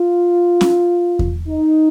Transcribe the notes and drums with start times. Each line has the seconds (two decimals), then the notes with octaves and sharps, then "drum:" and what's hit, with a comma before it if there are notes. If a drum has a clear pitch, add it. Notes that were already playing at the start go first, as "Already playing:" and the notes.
Already playing: F4
0.61 drum: snare
1.19 drum: kick E2
1.48 D#4